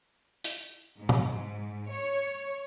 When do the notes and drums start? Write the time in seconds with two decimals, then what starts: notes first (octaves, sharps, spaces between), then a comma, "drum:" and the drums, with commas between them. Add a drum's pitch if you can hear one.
0.44 drum: hi-hat
1.00 G#2
1.09 drum: tom
1.90 C#5